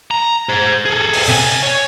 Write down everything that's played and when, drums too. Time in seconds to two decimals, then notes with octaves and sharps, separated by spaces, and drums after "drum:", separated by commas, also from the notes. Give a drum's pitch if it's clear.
0.11 A#5
0.49 G#4 C5
0.86 G#4 A4
1.13 drum: open hi-hat
1.28 C3 G#5
1.62 C#5